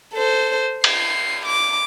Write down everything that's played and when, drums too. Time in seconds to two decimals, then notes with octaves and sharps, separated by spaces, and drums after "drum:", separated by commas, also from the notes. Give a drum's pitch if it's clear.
0.13 A4 C5
0.84 C7, drum: cymbal
1.45 D6